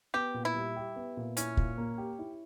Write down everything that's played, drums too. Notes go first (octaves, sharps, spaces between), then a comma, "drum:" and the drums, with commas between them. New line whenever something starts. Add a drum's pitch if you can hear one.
B3 G4
A#2
E4
G3
G4
B3
A#2
C#4 E4, drum: hi-hat
A#2, drum: kick
A#3
G4
E4